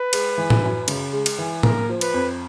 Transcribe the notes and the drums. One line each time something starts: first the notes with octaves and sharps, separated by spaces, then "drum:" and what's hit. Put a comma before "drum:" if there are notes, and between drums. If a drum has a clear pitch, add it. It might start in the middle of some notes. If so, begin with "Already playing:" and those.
Already playing: B4
G#3, drum: cymbal
E3
drum: tom A2
F#2
C#3, drum: cymbal
G#3
drum: cymbal
E3
A#3 A#4, drum: tom A2
F3
B4, drum: cymbal
F2